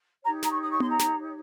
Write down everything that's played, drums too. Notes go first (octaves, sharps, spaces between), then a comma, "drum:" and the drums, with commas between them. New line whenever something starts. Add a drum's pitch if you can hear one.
D#4 G4 C#5 A#5
A#5, drum: snare
C#6
D#6
C#6
C6, drum: tom B3
A#5
drum: snare